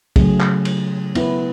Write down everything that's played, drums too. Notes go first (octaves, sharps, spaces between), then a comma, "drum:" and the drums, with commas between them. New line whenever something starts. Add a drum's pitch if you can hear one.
C#3 F#3 A3 C#4 G#4, drum: kick, cymbal
drum: clap
drum: cymbal
B3 E4 B4, drum: cymbal